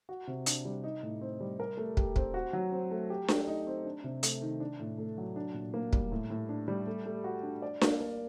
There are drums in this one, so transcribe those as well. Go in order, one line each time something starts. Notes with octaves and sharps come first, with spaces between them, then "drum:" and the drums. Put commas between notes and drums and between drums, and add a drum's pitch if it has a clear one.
F#4
C3
D4, drum: hi-hat
G3
D#4
A2
C4
G3
A#4
A3
G4, drum: kick
C4, drum: kick
F#4
F#3
C4
A3
G4
A3, drum: snare D4
D#4
C4
D4
C3
A3, drum: hi-hat
D#3
D4
A2
A3
F#3
D4
A#2
A#3
G3, drum: kick
A2
A2
D4
G3
A3
A3
F#4
D4
D5
A#3, drum: snare D4
A#4